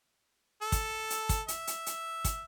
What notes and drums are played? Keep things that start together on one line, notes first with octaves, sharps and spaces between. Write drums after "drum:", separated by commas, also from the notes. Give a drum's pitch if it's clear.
A4
drum: kick, hi-hat
drum: hi-hat
drum: kick, hi-hat
E5, drum: hi-hat
drum: hi-hat
drum: hi-hat
drum: kick, hi-hat